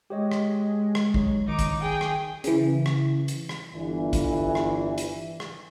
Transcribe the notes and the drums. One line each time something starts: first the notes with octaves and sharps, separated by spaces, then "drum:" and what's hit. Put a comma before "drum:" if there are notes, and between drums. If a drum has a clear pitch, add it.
G#3 G4 C#5 D#5
drum: rim click
drum: rim click
F#3 D#4 C#5, drum: kick
D#3 D#4 D6
drum: kick, hi-hat
G#4 G5
drum: rim click
C#3 E3, drum: hi-hat
drum: rim click
drum: hi-hat
drum: rim click
G1 E3
drum: kick, hi-hat
drum: rim click
drum: hi-hat
drum: rim click